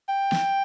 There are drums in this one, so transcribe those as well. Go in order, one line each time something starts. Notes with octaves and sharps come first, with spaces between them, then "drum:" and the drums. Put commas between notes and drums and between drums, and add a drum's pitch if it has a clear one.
G5
drum: snare